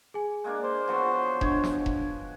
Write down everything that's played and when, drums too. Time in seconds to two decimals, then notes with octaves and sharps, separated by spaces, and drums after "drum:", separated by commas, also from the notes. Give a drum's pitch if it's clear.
0.14 G#4 G#5
0.44 G#3 A#3 D4
0.64 C5
0.88 F3 F#3 B3
1.41 G#3 D4 C#5, drum: kick E1
1.64 drum: snare
1.86 drum: kick E1